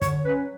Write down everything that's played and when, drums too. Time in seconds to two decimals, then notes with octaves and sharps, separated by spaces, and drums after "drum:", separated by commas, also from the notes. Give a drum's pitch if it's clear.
0.02 D3 C#5, drum: kick, hi-hat
0.24 F#3 C#4 B4